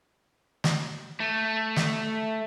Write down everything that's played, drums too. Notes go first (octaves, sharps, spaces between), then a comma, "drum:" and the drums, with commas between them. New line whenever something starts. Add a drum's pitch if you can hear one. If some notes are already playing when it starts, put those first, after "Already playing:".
drum: snare
A3
drum: snare